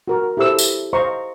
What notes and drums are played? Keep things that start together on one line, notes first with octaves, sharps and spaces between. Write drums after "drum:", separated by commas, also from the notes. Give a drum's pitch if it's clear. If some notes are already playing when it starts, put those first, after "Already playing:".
F#4 A#4
E4 G4 A4 C5 E6
drum: tambourine
C5 D#5 F5 A#5 C6 C#6